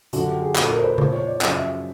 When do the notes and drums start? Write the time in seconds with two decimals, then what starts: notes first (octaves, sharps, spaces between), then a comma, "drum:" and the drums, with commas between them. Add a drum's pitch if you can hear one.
0.13 F#2 D3 F3 F#4, drum: hi-hat
0.27 G4
0.42 G#4
0.56 A#2 F#3 A4, drum: clap
0.70 A#4
0.79 C5
0.84 B4
0.98 A#2 F3 C5, drum: tom C#3
1.13 C#5
1.27 D5
1.41 F#2 C#3 F3 D#5, drum: clap
1.56 E5